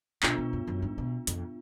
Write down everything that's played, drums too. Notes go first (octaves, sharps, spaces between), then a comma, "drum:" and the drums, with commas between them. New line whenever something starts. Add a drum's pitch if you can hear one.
B2 B3 D4 F4, drum: clap
B2
F#2
F#2
G#2
B2
F2, drum: hi-hat